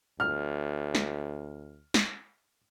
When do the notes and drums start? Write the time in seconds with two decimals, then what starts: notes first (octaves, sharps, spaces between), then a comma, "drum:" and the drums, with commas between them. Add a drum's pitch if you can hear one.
0.20 D2 F6
0.95 drum: snare
1.94 drum: snare